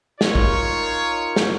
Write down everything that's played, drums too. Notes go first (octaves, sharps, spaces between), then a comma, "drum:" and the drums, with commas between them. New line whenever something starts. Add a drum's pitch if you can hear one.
D#4 F4 A#4 C#5, drum: snare
drum: kick
drum: snare